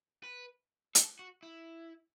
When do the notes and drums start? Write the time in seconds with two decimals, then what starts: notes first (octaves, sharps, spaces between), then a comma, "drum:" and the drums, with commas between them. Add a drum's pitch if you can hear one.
0.23 B4
0.95 A4, drum: hi-hat
1.19 F#4
1.43 E4